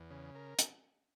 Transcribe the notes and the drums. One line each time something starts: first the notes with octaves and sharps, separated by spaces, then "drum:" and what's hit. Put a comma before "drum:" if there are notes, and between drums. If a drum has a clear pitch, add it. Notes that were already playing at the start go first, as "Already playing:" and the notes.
Already playing: E2
C#3
A#4
drum: hi-hat